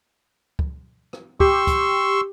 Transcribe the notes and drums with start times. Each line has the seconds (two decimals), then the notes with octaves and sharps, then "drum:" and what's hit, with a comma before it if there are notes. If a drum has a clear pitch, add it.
0.59 drum: kick
1.13 drum: rim click
1.40 G4 C6 C#6 E6, drum: kick
1.67 drum: kick, hi-hat